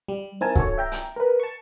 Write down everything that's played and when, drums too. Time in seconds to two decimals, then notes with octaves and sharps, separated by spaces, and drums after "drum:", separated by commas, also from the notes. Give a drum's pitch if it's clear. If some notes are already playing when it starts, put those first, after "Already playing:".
0.08 G3
0.41 C4 D#4 E4 A#4 G#5 A5
0.55 F#4 A4 C#5, drum: kick C#1
0.78 E5 G5 A#5
0.92 drum: hi-hat
1.16 A#4 B4
1.40 A5 C#6